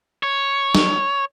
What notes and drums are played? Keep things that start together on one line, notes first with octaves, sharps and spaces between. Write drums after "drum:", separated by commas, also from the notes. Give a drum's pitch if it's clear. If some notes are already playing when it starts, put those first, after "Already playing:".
C#5
drum: snare